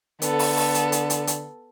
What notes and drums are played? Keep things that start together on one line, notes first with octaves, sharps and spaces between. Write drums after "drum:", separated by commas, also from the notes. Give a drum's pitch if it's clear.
D3 B3 A4, drum: hi-hat
drum: open hi-hat
drum: open hi-hat
drum: hi-hat
drum: hi-hat
drum: hi-hat
drum: hi-hat